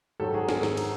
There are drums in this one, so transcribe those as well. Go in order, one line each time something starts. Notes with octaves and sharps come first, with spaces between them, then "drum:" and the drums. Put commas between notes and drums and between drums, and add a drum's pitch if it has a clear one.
G#2 D#3 F#3 G4 A4
F#4 G#4
G#4 A#4, drum: snare
G#2 D#3 F#3, drum: snare
drum: cymbal